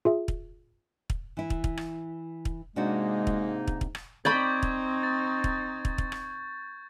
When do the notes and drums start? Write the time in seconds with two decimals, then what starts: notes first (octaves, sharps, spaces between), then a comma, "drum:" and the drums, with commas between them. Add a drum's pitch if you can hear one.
0.05 F4 G#4 E5
0.28 drum: kick
1.10 drum: kick
1.37 E3 E4
1.50 drum: kick
1.64 drum: kick
1.77 drum: rim click
2.45 drum: kick
2.76 G#2 C3 G#3 A#3 D4 D#4 F#4
3.27 drum: kick
3.68 drum: kick
3.81 drum: kick
3.95 drum: rim click
4.25 C4 D#4 D5 G5 B5 C#6 G6 G#6
4.63 drum: kick
5.03 A6
5.44 drum: kick
5.85 drum: kick
5.98 drum: kick
6.12 drum: rim click